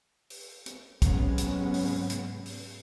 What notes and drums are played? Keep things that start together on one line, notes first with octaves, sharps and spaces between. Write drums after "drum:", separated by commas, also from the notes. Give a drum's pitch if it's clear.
drum: open hi-hat
drum: hi-hat
G#2 C3 F#3 G#3 B3 C#4, drum: kick, hi-hat
drum: hi-hat
drum: open hi-hat
drum: hi-hat
drum: open hi-hat